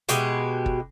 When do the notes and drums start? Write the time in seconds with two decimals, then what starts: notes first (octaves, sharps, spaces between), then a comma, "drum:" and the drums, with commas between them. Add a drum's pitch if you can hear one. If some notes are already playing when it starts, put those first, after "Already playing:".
0.09 B2 G#3 F#4 G4, drum: hi-hat
0.66 drum: kick